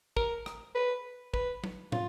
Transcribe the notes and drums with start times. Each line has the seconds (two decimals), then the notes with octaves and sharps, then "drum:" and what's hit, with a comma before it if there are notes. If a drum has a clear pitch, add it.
0.17 A#4, drum: kick
0.46 drum: rim click
0.75 B4
1.34 B4, drum: kick
1.64 drum: tom
1.92 F4, drum: tom